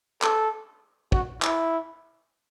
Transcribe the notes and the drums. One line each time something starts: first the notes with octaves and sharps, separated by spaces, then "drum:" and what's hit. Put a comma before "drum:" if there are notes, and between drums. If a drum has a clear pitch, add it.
A4, drum: clap
F#4, drum: kick
E4, drum: clap